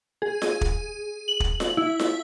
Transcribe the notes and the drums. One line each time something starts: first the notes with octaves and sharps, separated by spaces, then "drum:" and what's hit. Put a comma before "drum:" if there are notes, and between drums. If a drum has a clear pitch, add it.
G#4
drum: snare F4
drum: kick
F#7
drum: kick
drum: snare F4
E4
drum: snare F4